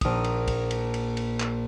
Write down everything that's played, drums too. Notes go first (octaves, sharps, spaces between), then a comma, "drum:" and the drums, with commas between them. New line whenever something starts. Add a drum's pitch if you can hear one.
A#1 D#6, drum: kick, cymbal
drum: cymbal
drum: kick, cymbal
drum: cymbal
drum: cymbal
drum: cymbal
drum: clap